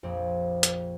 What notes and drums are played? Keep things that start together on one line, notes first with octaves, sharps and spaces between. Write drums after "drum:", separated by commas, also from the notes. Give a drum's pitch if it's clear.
A#1 F2 C4
drum: hi-hat